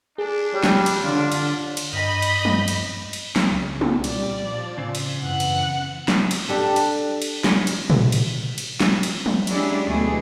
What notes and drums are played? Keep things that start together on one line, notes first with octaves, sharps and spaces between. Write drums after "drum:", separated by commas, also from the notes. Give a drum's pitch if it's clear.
D4 G#4
G3 G4 C#5
drum: snare
drum: cymbal
D3 F4
drum: cymbal
drum: cymbal
G2 D#5 B5
drum: cymbal
drum: tom
drum: cymbal
drum: cymbal
drum: snare
C2 C#3
drum: tom
A#2 G3 D5, drum: cymbal
F3
A2 C#3 C4
drum: cymbal
F#2 E3 F#5 F#6
drum: cymbal
drum: snare
drum: cymbal
D4 G4 A4
drum: cymbal
drum: cymbal
drum: snare
drum: cymbal
drum: tom
drum: cymbal
drum: cymbal
drum: snare
drum: cymbal
drum: tom
F#3 G#3 C#4 D4 E4 G4, drum: cymbal
D2 B2 E3 A3 G#4